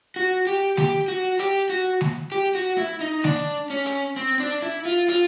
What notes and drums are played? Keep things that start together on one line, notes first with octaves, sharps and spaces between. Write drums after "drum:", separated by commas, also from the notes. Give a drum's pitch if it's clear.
F#4
G4
G4, drum: snare G#3
F#4
G4, drum: hi-hat
F#4
drum: snare G#3
G4
F#4
E4
D#4
D4, drum: snare G#3
C#4
drum: hi-hat
C4
D4
E4
F4
F4, drum: hi-hat